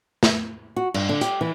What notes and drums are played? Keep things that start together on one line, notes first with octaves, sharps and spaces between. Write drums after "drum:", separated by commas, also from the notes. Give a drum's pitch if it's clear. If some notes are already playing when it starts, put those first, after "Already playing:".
drum: snare
F#4
G2, drum: cymbal
D3
G4, drum: hi-hat
E3